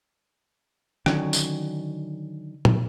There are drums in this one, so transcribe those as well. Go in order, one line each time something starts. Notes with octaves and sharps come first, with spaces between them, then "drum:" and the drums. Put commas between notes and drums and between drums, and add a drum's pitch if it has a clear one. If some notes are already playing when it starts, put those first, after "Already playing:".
D3 D#3 F#3 C#4, drum: rim click
drum: tambourine
drum: tom A#2